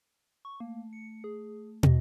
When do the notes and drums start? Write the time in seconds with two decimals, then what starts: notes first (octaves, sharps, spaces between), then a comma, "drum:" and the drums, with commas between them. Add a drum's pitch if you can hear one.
0.45 C#6
0.60 A3 A#3
0.93 C#7
1.24 G#4
1.83 D#5, drum: tom